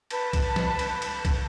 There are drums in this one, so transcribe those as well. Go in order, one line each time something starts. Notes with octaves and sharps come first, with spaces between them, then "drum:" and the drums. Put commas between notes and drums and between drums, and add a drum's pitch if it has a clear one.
B4 A5, drum: cymbal
drum: kick C2, cymbal
drum: snare
drum: cymbal
drum: cymbal
drum: kick C2, cymbal